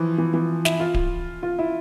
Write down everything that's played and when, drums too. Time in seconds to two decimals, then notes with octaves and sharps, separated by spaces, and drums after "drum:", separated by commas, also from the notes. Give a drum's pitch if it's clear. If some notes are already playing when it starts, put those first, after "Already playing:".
Already playing: E3 F3
0.18 E3
0.34 E3
0.65 E4, drum: snare
0.80 F4
0.94 drum: kick D1
1.43 F4
1.59 E4